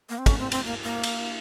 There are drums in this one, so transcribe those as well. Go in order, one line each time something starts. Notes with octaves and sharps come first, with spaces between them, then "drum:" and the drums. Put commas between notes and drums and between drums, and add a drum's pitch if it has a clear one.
A#3
C4
C#4, drum: kick, cymbal
C4
C4, drum: cymbal
A#3
A#3
drum: cymbal